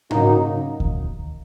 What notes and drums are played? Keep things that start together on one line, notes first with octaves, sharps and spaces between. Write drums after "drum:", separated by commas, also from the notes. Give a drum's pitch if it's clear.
C#3 F#3 A#3 D#4, drum: tom G#2
drum: kick D2